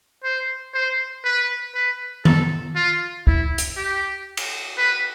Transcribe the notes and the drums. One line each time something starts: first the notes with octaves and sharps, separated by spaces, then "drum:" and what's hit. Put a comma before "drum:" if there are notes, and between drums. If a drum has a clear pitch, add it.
C5
C5
B4
B4
A4, drum: tom D#3
F4
E4, drum: kick
drum: hi-hat
G4
drum: cymbal
B4